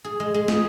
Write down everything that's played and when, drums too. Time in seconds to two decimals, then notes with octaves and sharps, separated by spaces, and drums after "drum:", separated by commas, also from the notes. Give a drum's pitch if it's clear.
0.04 G#4
0.20 G#3
0.34 G#3
0.48 G#4, drum: snare